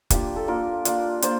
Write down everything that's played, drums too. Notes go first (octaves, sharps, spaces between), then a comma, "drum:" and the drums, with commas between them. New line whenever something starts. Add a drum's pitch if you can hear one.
A#3 D4 F4 G4, drum: kick, hi-hat
A4
A#3 D4 F4 A#4
A#3 D4 F4, drum: hi-hat
A#3 D4 F4 C5, drum: hi-hat